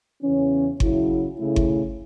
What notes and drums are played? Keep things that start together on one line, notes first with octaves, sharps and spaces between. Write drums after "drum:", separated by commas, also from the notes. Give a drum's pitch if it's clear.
E2 C#3 E3 C#4
C#3 F#3 C#4 E4, drum: kick G1
C#3 A3 E4
drum: kick G1